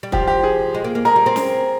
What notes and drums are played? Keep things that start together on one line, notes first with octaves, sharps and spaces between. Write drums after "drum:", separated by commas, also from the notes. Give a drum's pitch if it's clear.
G3
F3 G4, drum: kick
G4
G#4
G#3
A#3
A#3
G#3 A#4
G3
C4
drum: snare